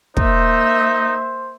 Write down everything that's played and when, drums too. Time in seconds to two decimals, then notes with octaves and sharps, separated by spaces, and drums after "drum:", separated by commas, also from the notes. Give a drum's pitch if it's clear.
0.17 A#3 D#4 C5 E5, drum: kick